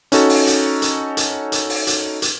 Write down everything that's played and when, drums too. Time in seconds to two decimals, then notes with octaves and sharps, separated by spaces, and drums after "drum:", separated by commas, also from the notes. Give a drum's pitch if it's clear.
0.12 C#4 D#4 F#4 A4, drum: hi-hat
0.29 drum: open hi-hat
0.47 drum: hi-hat
0.82 drum: hi-hat
1.17 drum: hi-hat
1.52 drum: hi-hat
1.69 drum: open hi-hat
1.87 drum: hi-hat
2.22 drum: hi-hat